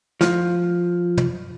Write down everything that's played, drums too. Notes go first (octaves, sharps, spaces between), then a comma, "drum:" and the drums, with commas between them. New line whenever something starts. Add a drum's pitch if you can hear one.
F3, drum: snare
drum: tom